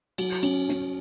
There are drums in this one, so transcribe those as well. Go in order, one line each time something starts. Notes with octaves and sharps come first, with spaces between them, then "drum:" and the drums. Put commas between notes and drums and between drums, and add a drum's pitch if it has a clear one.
F#3, drum: cymbal
C#4, drum: cymbal
C#4, drum: snare